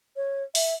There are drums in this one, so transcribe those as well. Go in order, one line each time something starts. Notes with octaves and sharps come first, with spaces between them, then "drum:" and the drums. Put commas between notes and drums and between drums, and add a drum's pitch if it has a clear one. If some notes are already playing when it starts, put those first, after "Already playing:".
C#5
E5, drum: open hi-hat